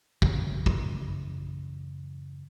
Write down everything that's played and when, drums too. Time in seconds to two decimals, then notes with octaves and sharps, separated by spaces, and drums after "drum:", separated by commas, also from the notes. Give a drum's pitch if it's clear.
0.22 F#2 A2 C#3 E3, drum: kick
0.66 drum: kick